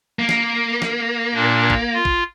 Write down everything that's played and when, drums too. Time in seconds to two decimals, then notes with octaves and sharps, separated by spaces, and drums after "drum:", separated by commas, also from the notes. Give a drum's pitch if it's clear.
0.19 A#3
0.29 drum: snare
0.82 drum: snare
1.35 A#2 D4
1.70 drum: kick
1.94 F4
2.05 drum: kick